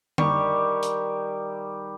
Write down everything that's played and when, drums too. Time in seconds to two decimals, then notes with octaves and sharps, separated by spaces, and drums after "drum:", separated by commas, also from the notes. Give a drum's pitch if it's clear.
0.18 D#3 G3 G4 C#6, drum: tom D3
0.83 drum: hi-hat